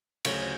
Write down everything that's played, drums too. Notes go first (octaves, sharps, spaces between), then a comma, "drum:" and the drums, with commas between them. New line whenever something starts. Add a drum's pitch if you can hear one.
D2 C#3 F#3 C#4 C#5, drum: cymbal